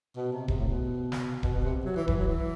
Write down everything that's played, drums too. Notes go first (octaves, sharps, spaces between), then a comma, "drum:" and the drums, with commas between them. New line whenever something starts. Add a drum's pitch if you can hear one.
B2
C3
C3, drum: kick D#1
A2
B2
drum: snare
B2, drum: kick D#1
B2
C3
F#3
E3
E3, drum: kick D#1
F#3
E3